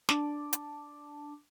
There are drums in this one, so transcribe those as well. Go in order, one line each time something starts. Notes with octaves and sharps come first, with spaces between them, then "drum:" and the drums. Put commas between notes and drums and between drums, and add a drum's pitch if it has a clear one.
D4 A5 D6, drum: snare
drum: hi-hat